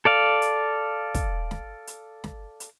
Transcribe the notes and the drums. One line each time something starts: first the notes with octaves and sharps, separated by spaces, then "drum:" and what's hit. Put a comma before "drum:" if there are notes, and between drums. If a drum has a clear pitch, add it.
A4 D5 F5
drum: hi-hat
drum: kick, hi-hat
drum: snare
drum: hi-hat
drum: snare
drum: hi-hat